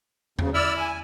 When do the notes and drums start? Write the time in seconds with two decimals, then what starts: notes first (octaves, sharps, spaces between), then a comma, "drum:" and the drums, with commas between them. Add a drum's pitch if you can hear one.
0.39 D2 C#3, drum: tom E2
0.54 E4 D5 E6 F6
0.77 G#5